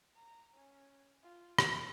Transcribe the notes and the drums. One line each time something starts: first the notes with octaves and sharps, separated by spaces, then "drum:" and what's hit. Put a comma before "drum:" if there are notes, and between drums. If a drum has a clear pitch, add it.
A#5
C#4
F4
A5, drum: rim click